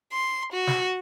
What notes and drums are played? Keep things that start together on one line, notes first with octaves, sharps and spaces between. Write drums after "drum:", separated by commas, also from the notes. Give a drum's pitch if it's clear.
C6
F#4
drum: snare